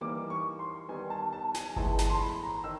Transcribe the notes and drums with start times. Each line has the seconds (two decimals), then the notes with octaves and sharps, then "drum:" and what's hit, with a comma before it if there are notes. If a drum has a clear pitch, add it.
0.01 E3 G3 A#3 D#4 D6
0.30 C#6
0.59 C6
0.88 D#3 G3 B3 G#5
1.10 A5
1.33 A5
1.54 G#5, drum: snare
1.76 A2 E3 G#3 B3 E4 A5, drum: kick G1
1.99 A5, drum: snare
2.10 C6
2.20 B5
2.43 A#5
2.64 D#3 E6